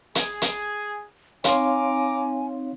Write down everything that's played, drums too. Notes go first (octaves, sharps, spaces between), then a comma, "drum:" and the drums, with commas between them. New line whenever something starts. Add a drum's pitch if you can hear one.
G#4, drum: hi-hat
drum: hi-hat
C4 D#4 C#5 F5 G#5 A#5 C6 D6, drum: hi-hat